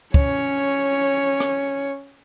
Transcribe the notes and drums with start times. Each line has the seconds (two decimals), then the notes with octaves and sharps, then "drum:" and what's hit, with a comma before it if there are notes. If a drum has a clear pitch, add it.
0.14 C#4 C#5, drum: kick
1.40 drum: rim click